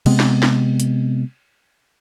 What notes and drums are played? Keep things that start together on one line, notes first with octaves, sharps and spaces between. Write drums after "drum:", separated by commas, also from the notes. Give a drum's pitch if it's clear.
C3 G#3 B3 C4, drum: cymbal
drum: snare
drum: snare
drum: hi-hat